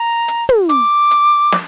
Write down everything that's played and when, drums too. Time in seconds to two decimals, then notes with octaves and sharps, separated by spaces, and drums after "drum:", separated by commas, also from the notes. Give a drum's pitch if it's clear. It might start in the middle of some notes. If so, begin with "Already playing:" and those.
Already playing: A#5
0.28 drum: hi-hat
0.49 drum: tom
0.69 D6, drum: hi-hat
1.11 drum: hi-hat
1.52 drum: snare